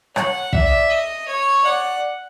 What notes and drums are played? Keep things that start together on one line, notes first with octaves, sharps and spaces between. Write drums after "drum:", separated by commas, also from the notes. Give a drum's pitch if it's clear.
C#5 F#5, drum: rim click
D5 E5, drum: kick
D#5
C#5
D5 F#5